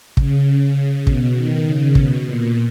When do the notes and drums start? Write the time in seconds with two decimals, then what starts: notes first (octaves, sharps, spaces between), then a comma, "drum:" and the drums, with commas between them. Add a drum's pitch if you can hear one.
0.17 C#3, drum: kick
1.07 B2, drum: kick
1.35 D#3
1.66 C#3
1.95 B2, drum: kick
2.26 A#2